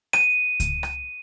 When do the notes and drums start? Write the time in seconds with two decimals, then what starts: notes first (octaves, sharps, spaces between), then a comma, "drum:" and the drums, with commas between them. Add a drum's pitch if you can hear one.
0.13 D#7, drum: rim click
0.60 drum: kick C#2, hi-hat
0.83 drum: rim click